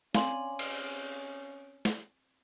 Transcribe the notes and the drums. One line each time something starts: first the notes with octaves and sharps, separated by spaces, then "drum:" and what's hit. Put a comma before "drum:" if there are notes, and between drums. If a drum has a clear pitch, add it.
C4 C#4 D5 F5 G#5 C6 F#7, drum: snare
drum: cymbal
drum: snare